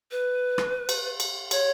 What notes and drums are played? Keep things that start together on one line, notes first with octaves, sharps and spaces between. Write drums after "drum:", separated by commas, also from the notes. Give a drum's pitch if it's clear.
B4
drum: rim click
drum: cymbal
drum: cymbal
C#5, drum: cymbal